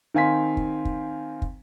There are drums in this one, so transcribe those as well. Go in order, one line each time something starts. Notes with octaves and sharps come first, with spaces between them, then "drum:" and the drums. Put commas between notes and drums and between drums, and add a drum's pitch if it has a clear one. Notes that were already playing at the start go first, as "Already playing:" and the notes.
D#3 C4 F5 G#5 C6 B6
drum: kick
drum: kick
drum: kick